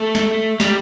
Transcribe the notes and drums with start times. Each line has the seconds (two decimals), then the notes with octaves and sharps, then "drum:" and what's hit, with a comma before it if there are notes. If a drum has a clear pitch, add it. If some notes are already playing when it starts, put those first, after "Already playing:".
Already playing: A3
0.15 drum: snare
0.60 G3, drum: snare